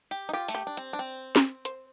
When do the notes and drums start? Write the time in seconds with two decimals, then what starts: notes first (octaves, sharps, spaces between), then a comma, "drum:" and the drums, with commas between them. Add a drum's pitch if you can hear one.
0.11 G4
0.29 D#4
0.33 F4 G4
0.48 A3, drum: open hi-hat
0.55 G4
0.67 D4
0.77 C4, drum: hi-hat
0.93 D4
0.99 C4
1.36 drum: snare
1.65 C5, drum: hi-hat